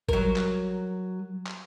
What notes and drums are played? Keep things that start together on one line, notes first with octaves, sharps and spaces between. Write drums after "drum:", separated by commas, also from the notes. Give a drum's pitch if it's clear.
F#3 A#4, drum: kick G#1
drum: clap
drum: clap